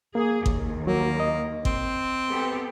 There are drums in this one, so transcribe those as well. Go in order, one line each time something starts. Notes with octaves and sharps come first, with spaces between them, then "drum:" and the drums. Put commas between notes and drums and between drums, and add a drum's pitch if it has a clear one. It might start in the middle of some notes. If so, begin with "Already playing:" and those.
A#3 G#4
D#2, drum: kick G#1
F#3 A#3
D#5
C4, drum: kick G#1
B3 G4 A4